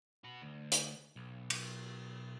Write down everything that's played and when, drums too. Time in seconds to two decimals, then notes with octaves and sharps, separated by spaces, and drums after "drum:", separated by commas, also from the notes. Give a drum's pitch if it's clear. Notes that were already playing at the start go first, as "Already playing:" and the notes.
0.24 F#4 B4
0.42 D2
0.72 drum: hi-hat
1.16 B1
1.50 drum: cymbal